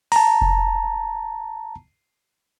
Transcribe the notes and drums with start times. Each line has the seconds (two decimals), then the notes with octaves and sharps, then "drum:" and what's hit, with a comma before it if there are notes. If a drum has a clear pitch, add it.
0.12 A5 A#5, drum: open hi-hat
0.41 drum: kick F1